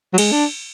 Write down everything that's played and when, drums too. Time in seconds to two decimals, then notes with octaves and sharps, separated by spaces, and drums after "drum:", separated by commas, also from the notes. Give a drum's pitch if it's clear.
0.13 F#3
0.18 G#3, drum: cymbal
0.32 D4